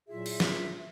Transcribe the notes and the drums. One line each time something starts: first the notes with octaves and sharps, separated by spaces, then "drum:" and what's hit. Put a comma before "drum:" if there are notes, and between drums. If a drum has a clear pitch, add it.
A#2 F#3 E4 F4 G#4 E5
drum: cymbal
drum: snare